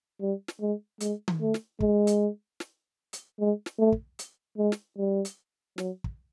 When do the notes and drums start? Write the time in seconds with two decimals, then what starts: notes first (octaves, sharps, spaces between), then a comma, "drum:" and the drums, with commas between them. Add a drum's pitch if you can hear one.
0.21 G3
0.48 drum: snare
0.61 G#3
1.01 G#3, drum: hi-hat
1.28 drum: tom D#3
1.41 A3
1.54 drum: snare
1.81 G#3, drum: kick
2.07 drum: hi-hat
2.60 drum: snare
3.13 drum: hi-hat
3.40 G#3
3.66 drum: snare
3.79 A3
3.93 drum: kick
4.19 drum: hi-hat
4.58 G#3
4.72 drum: snare
4.98 G3
5.25 drum: hi-hat
5.78 F#3, drum: snare
6.04 drum: kick